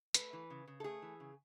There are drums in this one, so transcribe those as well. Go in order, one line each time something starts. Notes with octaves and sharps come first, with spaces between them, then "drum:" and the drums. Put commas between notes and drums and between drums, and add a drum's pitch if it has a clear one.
A3 B4, drum: hi-hat
E3
C#3
C#3
A4
A3 G#4
E3
C#3